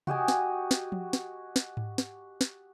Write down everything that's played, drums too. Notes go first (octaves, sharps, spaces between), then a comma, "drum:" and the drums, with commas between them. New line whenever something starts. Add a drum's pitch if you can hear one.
F#4 G4 D#5 G#5, drum: tom C3
drum: snare
drum: snare
drum: tom F3
drum: snare
drum: snare
drum: tom G#2
drum: snare
drum: snare